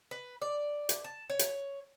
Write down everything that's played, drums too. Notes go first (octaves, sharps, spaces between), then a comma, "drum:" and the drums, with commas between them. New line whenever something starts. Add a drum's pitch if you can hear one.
B4
D5
drum: hi-hat
A5
C#5
drum: hi-hat